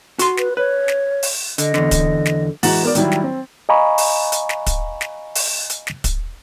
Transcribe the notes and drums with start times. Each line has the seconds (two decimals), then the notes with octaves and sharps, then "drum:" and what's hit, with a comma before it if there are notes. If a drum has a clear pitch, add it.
0.19 F#4 C6, drum: hi-hat
0.38 B4, drum: snare
0.57 B4 C#5
0.88 drum: snare
1.23 drum: open hi-hat
1.58 D3 D#5, drum: hi-hat
1.74 E2 D3, drum: snare
1.91 drum: kick, hi-hat
2.26 drum: snare
2.63 E3 G#3 F#4 A#5 A6 F#7, drum: open hi-hat
2.83 B3 A#4 D5
2.95 D#3 F#3 G3 E4, drum: hi-hat
3.12 drum: snare
3.24 C4
3.69 D#5 F5 G#5 A#5 B5 C#6
3.98 drum: open hi-hat
4.32 drum: hi-hat
4.49 drum: snare
4.67 drum: kick, hi-hat
5.01 drum: snare
5.35 drum: open hi-hat
5.70 drum: hi-hat
5.87 drum: snare
6.04 drum: kick, hi-hat